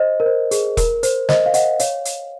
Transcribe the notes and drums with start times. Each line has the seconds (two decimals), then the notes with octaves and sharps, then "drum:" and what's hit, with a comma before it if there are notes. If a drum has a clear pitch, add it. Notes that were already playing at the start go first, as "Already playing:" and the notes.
Already playing: C5 D#5
0.20 A#4
0.26 C5
0.51 G#4, drum: hi-hat
0.77 A#4, drum: kick E1, hi-hat
1.03 C5, drum: hi-hat
1.29 C5 D#5, drum: snare
1.46 F5
1.54 D#5 F#5, drum: hi-hat
1.79 C#5 F5, drum: hi-hat
2.05 drum: hi-hat